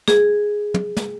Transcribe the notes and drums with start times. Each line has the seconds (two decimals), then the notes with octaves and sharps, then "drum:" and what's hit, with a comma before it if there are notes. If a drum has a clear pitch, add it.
0.08 G#4, drum: snare
0.74 drum: tom
0.97 drum: snare